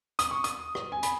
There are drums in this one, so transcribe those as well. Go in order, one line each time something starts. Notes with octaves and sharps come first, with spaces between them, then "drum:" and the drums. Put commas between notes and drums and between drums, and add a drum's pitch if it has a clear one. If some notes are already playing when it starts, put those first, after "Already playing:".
D#6, drum: hi-hat
C#6
D#6, drum: hi-hat
drum: rim click
G#5
B5, drum: hi-hat